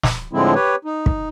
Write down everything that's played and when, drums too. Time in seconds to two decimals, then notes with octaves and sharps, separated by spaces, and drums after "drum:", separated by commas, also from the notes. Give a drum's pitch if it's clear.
0.03 drum: snare
0.33 A2 D3 F3 G#3 C4 E4
0.55 G4 B4 C#5
0.85 D#4
1.06 drum: kick